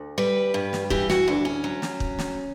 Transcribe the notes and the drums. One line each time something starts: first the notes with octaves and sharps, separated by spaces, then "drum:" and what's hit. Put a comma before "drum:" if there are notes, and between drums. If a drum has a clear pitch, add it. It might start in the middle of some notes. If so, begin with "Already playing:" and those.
Already playing: D2
G3 B4
G2
drum: snare
E3 G4, drum: kick
F#4, drum: snare
D2 D4
C#4
F#3
drum: snare
drum: kick
drum: snare